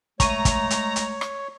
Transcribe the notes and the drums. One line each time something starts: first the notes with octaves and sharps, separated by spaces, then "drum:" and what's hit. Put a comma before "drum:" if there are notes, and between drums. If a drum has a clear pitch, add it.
G#3 A3 C#5 A#5 C#6 D#7, drum: kick, hi-hat
drum: kick, hi-hat
drum: hi-hat
drum: hi-hat
drum: rim click